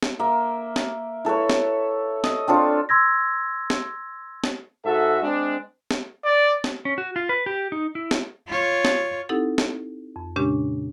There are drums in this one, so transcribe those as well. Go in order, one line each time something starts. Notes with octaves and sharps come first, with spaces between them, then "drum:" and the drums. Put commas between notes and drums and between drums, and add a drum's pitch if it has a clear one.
drum: snare
A#3 E5
drum: snare
E4 A4 B4 C#5
drum: snare
D#5, drum: snare
C4 D4 F4 A4
C6 E6 G#6 A#6
drum: snare
drum: snare
G#2 F#4 A4 E5
G#3 C4 D4
drum: snare
D5
drum: snare
C#4
F#4
F4
B4
G4
D#4
E4
drum: snare
F4 C#5
drum: snare
C4 D#4 E4 G4 A4 F#5
drum: snare
F2
A#2 C#3 G#3 C#4 D4 G4